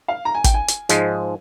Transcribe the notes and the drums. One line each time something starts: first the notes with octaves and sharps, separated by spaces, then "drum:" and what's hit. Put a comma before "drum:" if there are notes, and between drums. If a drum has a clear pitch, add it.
F5
A#5
G#5
G5, drum: kick, hi-hat
G#5
drum: hi-hat
G#2 F3 G#3, drum: hi-hat